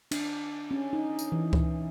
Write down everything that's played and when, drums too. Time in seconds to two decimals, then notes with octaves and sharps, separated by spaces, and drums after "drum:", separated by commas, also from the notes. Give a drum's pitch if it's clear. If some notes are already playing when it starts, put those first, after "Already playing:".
0.11 D4, drum: cymbal
0.71 C#4
0.93 D#4
1.19 drum: tambourine
1.32 E3
1.53 drum: kick C#2